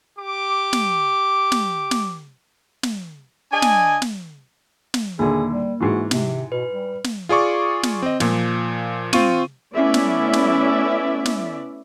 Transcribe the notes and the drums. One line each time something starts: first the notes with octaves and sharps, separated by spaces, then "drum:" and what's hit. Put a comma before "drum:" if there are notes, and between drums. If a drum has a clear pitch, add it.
G4 D6
drum: snare
drum: snare
drum: snare
drum: snare
D4 D#5 G#5
drum: snare
drum: snare
drum: snare
D#2 A#2 D3 A#3 G#4
G3
G#2 E3 F#4
C3, drum: snare
B2 B4
G3
drum: snare
F4 G#4 D5 C#6 D6
drum: snare
C4 D#5
A#2 F3, drum: snare
C4 F4 C#6 D#7, drum: snare
A3 B3 C#4 E4 D5 E5
drum: snare
drum: snare
drum: snare